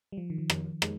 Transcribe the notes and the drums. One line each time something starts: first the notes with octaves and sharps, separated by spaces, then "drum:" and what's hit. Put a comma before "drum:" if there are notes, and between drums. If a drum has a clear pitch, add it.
G3
F3
D#3
F3
drum: rim click
G#3, drum: rim click